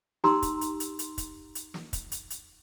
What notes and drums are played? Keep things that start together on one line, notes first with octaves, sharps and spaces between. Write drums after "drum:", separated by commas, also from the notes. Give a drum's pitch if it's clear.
D#4 G4 G5 A#5 C6 E6, drum: snare
drum: kick, hi-hat
drum: hi-hat
drum: hi-hat
drum: hi-hat
drum: kick, hi-hat
drum: hi-hat
drum: snare
drum: kick, hi-hat
drum: hi-hat
drum: hi-hat